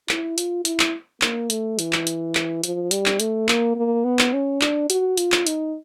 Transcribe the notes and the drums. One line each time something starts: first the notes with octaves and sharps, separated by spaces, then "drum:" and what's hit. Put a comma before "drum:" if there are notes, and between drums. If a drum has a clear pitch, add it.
E4, drum: clap
F4, drum: hi-hat
E4, drum: hi-hat
drum: clap
A#3, drum: clap
A3, drum: hi-hat
E3, drum: hi-hat
drum: clap
drum: hi-hat
drum: clap
F3, drum: hi-hat
G3, drum: hi-hat
drum: clap
A3, drum: hi-hat
A#3, drum: clap
A#3
B3
drum: clap
C#4
D4, drum: clap
F#4, drum: hi-hat
F4, drum: hi-hat
drum: clap
D#4, drum: hi-hat